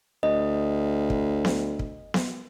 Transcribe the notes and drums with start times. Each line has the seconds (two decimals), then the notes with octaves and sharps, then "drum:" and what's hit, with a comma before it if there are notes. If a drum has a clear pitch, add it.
0.23 D2 D#5
1.10 drum: kick
1.45 drum: snare B3
1.79 drum: kick
2.14 drum: snare B3